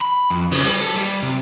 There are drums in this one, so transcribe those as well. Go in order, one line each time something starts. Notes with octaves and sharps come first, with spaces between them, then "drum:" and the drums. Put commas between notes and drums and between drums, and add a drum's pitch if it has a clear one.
B5
F2
C#3, drum: open hi-hat
G3
A4
G3
C3